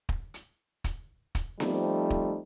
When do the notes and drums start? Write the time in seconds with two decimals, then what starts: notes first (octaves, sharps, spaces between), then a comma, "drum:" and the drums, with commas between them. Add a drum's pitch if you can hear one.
0.09 drum: kick
0.34 drum: hi-hat
0.84 drum: kick, hi-hat
1.35 drum: kick, hi-hat
1.60 F3 G3 A3 C4 D#4, drum: snare B3
2.10 drum: kick